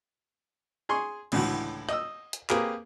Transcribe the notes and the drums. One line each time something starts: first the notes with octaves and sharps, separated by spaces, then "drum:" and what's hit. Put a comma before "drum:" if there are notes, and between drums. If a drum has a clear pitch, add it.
G#4 G#5 C6 C#6
C#2 A2 D3 E3 F#4, drum: cymbal
D#5 D#6 E6, drum: rim click
drum: hi-hat
A#3 C4 G4 G#4 A#4 B4, drum: clap